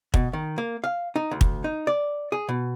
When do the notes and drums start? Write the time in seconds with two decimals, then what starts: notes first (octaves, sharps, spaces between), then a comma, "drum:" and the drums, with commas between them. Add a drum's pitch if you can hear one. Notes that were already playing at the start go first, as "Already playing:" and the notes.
0.14 B2, drum: kick
0.33 D#3
0.58 A#3
0.84 F5
1.16 D#4
1.31 D2
1.41 drum: kick
1.64 D#4
1.87 D5
2.32 G#4
2.49 B2